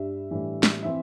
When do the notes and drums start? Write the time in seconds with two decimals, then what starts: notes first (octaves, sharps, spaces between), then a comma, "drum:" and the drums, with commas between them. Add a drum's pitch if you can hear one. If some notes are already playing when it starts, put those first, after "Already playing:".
Already playing: G2 G3 D4 E5
0.31 A2 E3 G3 D4
0.63 drum: snare
0.83 E3 C4 E5